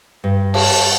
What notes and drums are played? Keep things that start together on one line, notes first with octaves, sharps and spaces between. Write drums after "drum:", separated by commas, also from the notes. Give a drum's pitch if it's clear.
G2
A5, drum: cymbal